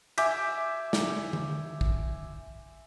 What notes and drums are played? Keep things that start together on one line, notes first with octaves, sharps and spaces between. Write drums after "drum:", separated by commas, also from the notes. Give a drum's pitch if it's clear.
E5 G#5 D6 G6 B6, drum: cymbal
drum: snare
drum: tom D3
drum: kick